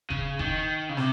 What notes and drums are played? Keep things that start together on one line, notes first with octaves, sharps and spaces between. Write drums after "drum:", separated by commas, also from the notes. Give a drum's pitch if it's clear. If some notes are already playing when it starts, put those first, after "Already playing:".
C#3, drum: kick F1
D#3, drum: kick F1
C#3
C3, drum: snare